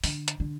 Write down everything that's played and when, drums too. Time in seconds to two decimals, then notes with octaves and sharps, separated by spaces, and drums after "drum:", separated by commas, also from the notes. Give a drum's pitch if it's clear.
0.04 D3, drum: open hi-hat
0.28 drum: hi-hat
0.40 D3